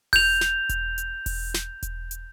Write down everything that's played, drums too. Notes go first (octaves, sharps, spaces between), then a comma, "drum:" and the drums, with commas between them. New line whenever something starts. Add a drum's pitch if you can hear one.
G6 F7, drum: kick E1, open hi-hat
drum: snare
drum: kick E1, hi-hat
drum: hi-hat
drum: kick E1, open hi-hat
drum: snare
drum: kick E1, hi-hat
drum: hi-hat